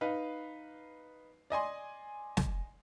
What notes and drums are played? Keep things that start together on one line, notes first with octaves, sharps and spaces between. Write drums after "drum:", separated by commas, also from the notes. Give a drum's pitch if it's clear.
D#4 B4 F5
D5 D#5 G#5 C6
drum: snare